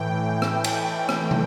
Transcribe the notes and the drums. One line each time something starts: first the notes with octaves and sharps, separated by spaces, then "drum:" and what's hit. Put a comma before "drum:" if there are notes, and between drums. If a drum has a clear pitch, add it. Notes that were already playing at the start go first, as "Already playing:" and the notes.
Already playing: A2 E3 G5
drum: rim click
drum: cymbal
drum: rim click
drum: tom